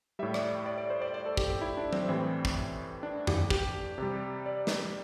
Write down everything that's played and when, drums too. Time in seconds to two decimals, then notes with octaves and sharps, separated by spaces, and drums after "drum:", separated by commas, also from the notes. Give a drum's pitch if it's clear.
0.19 A2 G3 E5
0.34 D5, drum: rim click
0.66 D5
0.78 D5
0.90 C5
1.02 D5
1.14 D5
1.26 A4
1.37 G4, drum: kick
1.50 G4
1.61 E4
1.77 D4
1.93 C4, drum: tom F#3
2.08 A2 E3 G3 C4
2.45 drum: kick
3.03 D4
3.27 G4, drum: tom F2
3.50 G4, drum: kick
3.98 C3 G3
4.46 D5
4.67 drum: snare